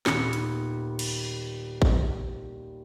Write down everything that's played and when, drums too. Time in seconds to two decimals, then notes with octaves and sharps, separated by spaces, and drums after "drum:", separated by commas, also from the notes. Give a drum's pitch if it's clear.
0.06 D#1 B3 C#7, drum: snare
0.33 drum: hi-hat
0.99 drum: cymbal
1.82 drum: kick A1